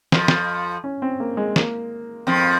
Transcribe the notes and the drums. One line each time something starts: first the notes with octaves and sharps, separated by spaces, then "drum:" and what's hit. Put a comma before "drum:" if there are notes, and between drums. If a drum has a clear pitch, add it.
F2 F3, drum: snare
drum: snare
C#4
C4
A#3
G#3
A#3, drum: snare
F2 F3 C4